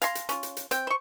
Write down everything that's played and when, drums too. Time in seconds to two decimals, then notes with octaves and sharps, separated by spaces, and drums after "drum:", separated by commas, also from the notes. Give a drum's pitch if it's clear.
0.02 F5 G#5 A#5 C6, drum: hi-hat
0.15 drum: hi-hat
0.29 C#4 F4, drum: hi-hat
0.43 drum: hi-hat
0.57 drum: hi-hat
0.71 C4 G5, drum: hi-hat
0.87 C5 C#6